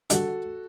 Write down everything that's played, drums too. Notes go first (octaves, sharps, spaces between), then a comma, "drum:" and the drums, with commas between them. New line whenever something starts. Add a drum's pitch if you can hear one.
D3 G3 D4 F#4 A4, drum: hi-hat